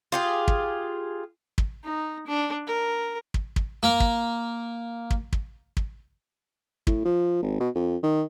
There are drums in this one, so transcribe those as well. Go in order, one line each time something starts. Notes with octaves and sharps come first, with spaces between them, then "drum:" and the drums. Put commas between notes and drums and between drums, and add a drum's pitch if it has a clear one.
F4 G4 G#4
drum: kick
drum: kick
D#4
D4
A#4
drum: kick
drum: kick
A#3 A#4
drum: kick
drum: kick
drum: kick
drum: kick
A2, drum: kick
F3
G#1
B2
F2
D#3